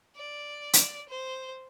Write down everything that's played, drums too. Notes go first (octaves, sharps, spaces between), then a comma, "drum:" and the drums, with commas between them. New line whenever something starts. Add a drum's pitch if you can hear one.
D5
drum: hi-hat
C5